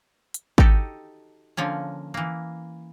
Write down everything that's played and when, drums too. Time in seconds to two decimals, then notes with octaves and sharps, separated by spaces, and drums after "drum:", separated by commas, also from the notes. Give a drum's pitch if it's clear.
0.34 drum: hi-hat
0.58 D#4 F#4 G4 A4, drum: kick
1.57 D3 F3 A#3 C#4
2.14 E3 A#3